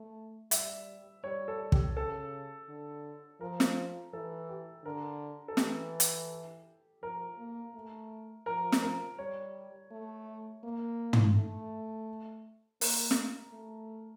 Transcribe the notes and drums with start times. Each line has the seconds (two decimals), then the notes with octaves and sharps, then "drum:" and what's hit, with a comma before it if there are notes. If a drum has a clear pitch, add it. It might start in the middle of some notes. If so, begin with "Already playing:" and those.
Already playing: A3
0.51 G3 E5, drum: hi-hat
1.24 G3 C#5
1.48 A4
1.72 G4, drum: kick
1.96 C#3 A4
2.69 D3
3.41 F3 A#4
3.60 drum: snare
4.13 E3 A4
4.49 G4
4.85 D3 A#4
5.48 A4
5.57 E3 G4, drum: snare
6.00 drum: hi-hat
7.02 F3 A#4
7.38 A#3
7.74 A3
8.46 F3 A#4
8.72 drum: snare
8.82 A#4
9.18 G3 C#5
9.91 A3
10.64 A#3
11.13 drum: tom
11.36 A3
12.81 A#3 A#4, drum: open hi-hat
13.11 drum: snare
13.53 A3